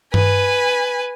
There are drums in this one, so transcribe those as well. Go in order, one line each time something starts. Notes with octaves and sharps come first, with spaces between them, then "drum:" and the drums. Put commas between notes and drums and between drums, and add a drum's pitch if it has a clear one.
B4 G#5, drum: tom G2